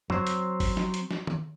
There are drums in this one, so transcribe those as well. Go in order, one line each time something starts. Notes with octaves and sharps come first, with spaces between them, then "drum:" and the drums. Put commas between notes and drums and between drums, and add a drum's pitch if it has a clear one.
F#3 C4 C5 C#5, drum: tom
drum: hi-hat
drum: kick, open hi-hat
drum: snare
drum: hi-hat
drum: snare
drum: tom D#3